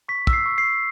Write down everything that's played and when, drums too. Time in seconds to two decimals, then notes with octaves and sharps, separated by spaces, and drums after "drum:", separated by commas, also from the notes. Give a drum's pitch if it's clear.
0.08 C#6 B6
0.27 E6, drum: kick
0.33 C7
0.46 C#6
0.58 C7
0.64 C#6